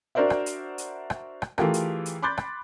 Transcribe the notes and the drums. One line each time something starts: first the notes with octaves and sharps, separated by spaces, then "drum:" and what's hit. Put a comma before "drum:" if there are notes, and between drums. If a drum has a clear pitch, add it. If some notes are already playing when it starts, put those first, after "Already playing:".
D4 F#4 A#4 C5 D5 E5
drum: rim click
drum: hi-hat
drum: hi-hat
drum: rim click
drum: rim click
E3 A3 F4 G4 G#4 A#4, drum: rim click
drum: hi-hat
drum: hi-hat
B5 C6 D6 F#6 G6 A6
drum: rim click